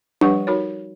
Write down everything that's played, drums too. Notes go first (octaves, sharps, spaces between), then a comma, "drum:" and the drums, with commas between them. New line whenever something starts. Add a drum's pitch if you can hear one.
F3 G3 G4 B4 F#5 C#6, drum: tom D4
D#4 F#4 A#4 C#5